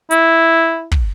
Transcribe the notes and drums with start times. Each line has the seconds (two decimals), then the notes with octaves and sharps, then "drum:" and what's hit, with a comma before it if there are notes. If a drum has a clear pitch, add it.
0.11 E4, drum: hi-hat
0.91 drum: kick